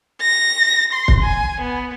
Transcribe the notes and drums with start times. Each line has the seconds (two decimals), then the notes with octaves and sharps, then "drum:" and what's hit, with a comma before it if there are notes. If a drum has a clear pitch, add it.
0.21 A#6
0.93 C6
1.08 drum: kick
1.22 G#5
1.60 B3